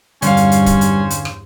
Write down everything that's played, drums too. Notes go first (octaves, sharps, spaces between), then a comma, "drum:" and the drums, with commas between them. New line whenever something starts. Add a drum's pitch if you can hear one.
E2 G2 D3 G3 C#4 C5 C#5 F5, drum: hi-hat
drum: hi-hat
drum: hi-hat
drum: kick, hi-hat
drum: hi-hat
drum: hi-hat
drum: rim click